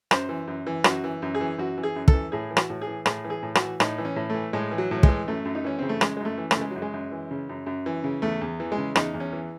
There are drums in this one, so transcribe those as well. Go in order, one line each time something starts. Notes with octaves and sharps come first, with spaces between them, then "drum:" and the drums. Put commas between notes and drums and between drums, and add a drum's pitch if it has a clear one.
F#2 C5, drum: rim click
E3
F#2
E3
F#2 F#4, drum: rim click
E3
F#2
G#4
E3
F#2 F#4
E3
G#4
F#2
A4, drum: kick
E3
A2 G#4
E3
F#4, drum: rim click
A2
G#4
E3
A2 G#4, drum: rim click
E3
G#4
A2
F#4, drum: rim click
E3
A2 D#4, drum: rim click
E3
C#4
A2
E3 A3
A2 G#3
E3
F#3
A2 F#3
G#3, drum: kick
E3
F#2 A3
F#2
D#4
E3 C#4
C#3 C4
A3
F#2 G#3, drum: rim click
F#2 G#3
A3
E3
A3, drum: rim click
C#3 G#3
F#2 F#3
G#3
F#2
E3
C#3
F#2
F#2
E3
C#3
E2 A3
E2
E3
G#3
C#3
E2 D#4, drum: rim click
E2
C#4
E3